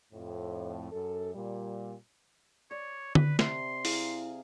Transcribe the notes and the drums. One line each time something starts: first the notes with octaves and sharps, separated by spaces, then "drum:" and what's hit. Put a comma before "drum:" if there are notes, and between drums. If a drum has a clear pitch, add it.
F2 A2
F#2 A4
A#2 G3
C#5 D5
B4, drum: tom D3
C3 C6, drum: snare
E4 G#4 F5, drum: open hi-hat